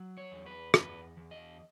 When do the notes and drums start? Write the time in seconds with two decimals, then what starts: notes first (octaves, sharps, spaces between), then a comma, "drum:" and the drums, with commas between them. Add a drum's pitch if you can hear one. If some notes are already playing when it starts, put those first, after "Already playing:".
Already playing: F#3
0.18 C#5
0.32 E2
0.46 B4
0.74 E2 B4, drum: rim click
1.17 E2
1.31 D#5